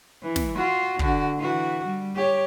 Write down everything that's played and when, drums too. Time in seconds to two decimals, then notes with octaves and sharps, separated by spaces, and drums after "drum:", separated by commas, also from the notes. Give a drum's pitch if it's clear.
0.23 E3
0.36 drum: snare
0.55 F4 F#4
0.99 D3 F#4, drum: kick
1.39 E3 F#4
1.85 G3
2.16 G4 C#5